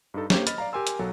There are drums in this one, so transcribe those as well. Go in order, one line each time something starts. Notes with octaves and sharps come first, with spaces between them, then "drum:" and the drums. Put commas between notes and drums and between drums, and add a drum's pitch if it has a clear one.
G2 D#4 A4
A#3 G4 C5 C#5, drum: snare
D#5 B5 F6 A6, drum: hi-hat
D5 F5 A#5
G4 A#4 G#5 C6 E6
drum: hi-hat
B1 F#3 A4